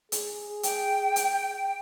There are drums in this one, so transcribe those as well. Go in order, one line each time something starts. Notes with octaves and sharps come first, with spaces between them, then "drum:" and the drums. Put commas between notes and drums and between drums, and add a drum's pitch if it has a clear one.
G#4, drum: hi-hat
G5, drum: hi-hat
drum: hi-hat